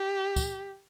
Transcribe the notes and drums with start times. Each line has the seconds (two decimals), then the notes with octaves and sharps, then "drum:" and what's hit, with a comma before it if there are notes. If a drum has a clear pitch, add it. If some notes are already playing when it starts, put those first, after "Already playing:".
Already playing: G4
0.36 drum: kick, tambourine